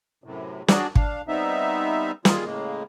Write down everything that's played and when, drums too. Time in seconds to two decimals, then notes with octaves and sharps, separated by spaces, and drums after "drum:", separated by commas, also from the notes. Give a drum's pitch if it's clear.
0.24 F#2 A2 C3
0.68 F#3 D4 F#4 G#4 D5, drum: snare
0.95 D4 F5, drum: kick
1.28 G3 B3 C4 D#4 E5
2.25 D#3 G3 A#3 F4 G#4, drum: snare
2.44 A2 C#3 G#3 A#3